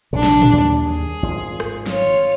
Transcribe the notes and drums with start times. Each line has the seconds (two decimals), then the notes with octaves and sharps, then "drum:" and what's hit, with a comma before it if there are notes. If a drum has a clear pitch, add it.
0.13 A#1 C3 D4
0.23 drum: snare
0.42 drum: tom
0.53 D#2 G3
0.85 G#4
1.23 G#1 F3
1.60 drum: rim click
1.86 F4 C#5, drum: snare